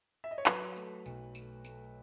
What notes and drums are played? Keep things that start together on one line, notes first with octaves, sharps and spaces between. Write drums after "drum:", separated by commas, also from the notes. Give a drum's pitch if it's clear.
E5
D#5
C#5
F#3 B4, drum: clap
A3, drum: tambourine
B1, drum: tambourine
A3, drum: tambourine
A3, drum: tambourine